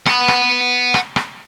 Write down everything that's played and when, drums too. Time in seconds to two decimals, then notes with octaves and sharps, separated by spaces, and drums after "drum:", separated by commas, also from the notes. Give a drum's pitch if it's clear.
0.06 F#5 B5, drum: rim click
0.28 drum: rim click
0.94 drum: rim click
1.16 drum: rim click